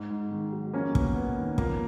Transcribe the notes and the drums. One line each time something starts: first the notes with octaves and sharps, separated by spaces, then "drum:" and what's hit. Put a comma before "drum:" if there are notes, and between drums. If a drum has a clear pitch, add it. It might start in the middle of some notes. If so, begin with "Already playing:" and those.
Already playing: G#2
G#2
D#3
F#3
F2 A#3 C#4
B3, drum: kick
B3
D#3
F3 A#3, drum: kick